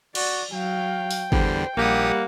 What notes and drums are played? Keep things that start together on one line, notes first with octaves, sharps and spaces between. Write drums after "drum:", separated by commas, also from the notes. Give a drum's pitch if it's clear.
F#4 D5, drum: cymbal
F#3 F5 G5
drum: open hi-hat
E2 D3 G3 C5, drum: kick
A#1 G3 A#3 G4 F#5 D#6